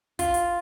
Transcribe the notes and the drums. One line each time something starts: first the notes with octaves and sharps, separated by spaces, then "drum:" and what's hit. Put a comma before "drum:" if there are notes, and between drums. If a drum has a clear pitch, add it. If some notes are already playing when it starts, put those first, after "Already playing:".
F4, drum: kick, hi-hat
drum: hi-hat